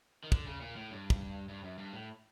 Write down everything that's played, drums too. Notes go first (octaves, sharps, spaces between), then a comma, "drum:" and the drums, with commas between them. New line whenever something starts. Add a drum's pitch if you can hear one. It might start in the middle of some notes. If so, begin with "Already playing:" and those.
D#3
D3, drum: kick
C#3
A#2
A2
G2
drum: kick
G2
F#2
G2
A2